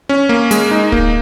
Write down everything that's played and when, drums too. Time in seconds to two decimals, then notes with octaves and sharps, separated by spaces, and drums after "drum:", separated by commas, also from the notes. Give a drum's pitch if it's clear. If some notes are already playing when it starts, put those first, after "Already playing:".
0.09 C#4
0.29 A#3
0.51 G#3, drum: hi-hat
0.71 D#4
0.92 A#3, drum: kick D1